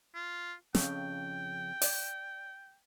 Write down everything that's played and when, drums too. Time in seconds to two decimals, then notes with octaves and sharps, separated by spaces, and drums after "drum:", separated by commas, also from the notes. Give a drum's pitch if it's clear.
0.15 F4
0.75 F2 C#3 G5, drum: snare
1.82 D5, drum: open hi-hat